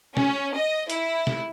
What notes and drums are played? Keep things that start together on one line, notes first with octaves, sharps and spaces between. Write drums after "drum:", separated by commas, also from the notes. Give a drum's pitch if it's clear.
C#4, drum: snare
D#5
E4, drum: hi-hat
drum: snare